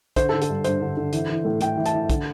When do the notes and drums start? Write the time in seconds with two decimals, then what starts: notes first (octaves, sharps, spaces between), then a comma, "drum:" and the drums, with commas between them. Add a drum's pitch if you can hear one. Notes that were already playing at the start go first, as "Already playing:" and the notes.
0.16 D3 C5, drum: kick, hi-hat
0.29 A4
0.34 D3
0.42 A4, drum: hi-hat
0.50 G2
0.64 G2 C5, drum: hi-hat
0.82 D3
0.97 D3
1.13 E3, drum: hi-hat
1.30 E3
1.45 A2
1.61 A2 G5, drum: hi-hat
1.77 E3
1.86 A5, drum: hi-hat
1.93 E3
2.10 D3, drum: kick, hi-hat